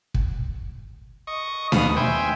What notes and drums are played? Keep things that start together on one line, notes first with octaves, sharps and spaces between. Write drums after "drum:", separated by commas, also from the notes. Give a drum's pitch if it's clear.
drum: kick
D#5 C#6
D#2 B2 F5 B5 D#6, drum: snare D4
C5 E5 G5 G#5